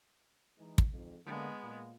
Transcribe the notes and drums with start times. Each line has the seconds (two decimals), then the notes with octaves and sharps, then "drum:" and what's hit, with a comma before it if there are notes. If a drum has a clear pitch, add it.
0.58 E3 G#3 D#4
0.78 drum: kick
0.92 F2 G#2
1.26 D3 G#3 A#3 B3
1.62 A#2 F4